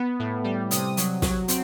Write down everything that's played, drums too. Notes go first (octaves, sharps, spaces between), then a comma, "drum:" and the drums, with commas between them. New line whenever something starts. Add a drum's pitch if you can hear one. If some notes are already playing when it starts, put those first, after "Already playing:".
Already playing: B3
A2
G3
C3 D#6, drum: hi-hat
F#3, drum: hi-hat
F#3, drum: snare
C4, drum: hi-hat